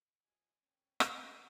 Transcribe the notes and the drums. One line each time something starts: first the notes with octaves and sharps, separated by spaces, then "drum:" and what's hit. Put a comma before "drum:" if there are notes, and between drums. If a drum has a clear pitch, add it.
C3 F3 D#5 G#5
A2 E3 C4 C#4 G5
drum: rim click